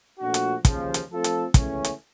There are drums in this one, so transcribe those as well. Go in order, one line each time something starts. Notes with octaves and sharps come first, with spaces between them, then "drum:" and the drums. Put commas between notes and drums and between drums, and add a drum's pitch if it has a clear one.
A#2 F3 A3 D4 F#4
drum: hi-hat
D#2 C#3 F3, drum: kick, hi-hat
drum: hi-hat
F3 A3 C4 F4 A4
drum: hi-hat
C#2 C#3 E3 A3 C#4, drum: kick, hi-hat
drum: hi-hat